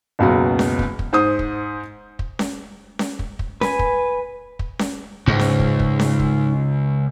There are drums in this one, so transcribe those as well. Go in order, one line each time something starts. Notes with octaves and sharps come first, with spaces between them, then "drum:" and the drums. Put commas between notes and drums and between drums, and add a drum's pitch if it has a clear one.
F#1 C#2 B2 F#3
drum: snare C#4
drum: kick
drum: kick
G#2 C5 D#6
drum: kick
drum: kick
drum: snare C#4
drum: snare C#4
drum: kick
drum: kick
B4 G#5, drum: snare C#4
drum: kick
drum: kick
drum: snare C#4
C#2 G#2
drum: snare C#4
drum: kick
drum: kick
drum: snare C#4
drum: kick